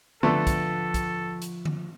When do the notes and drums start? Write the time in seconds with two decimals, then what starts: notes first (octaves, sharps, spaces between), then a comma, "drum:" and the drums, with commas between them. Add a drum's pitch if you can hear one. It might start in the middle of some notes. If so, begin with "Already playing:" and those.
0.23 D3 F3 A3 B3 A4
0.47 drum: kick, hi-hat
0.94 drum: kick, hi-hat
1.42 drum: hi-hat
1.65 drum: tom D3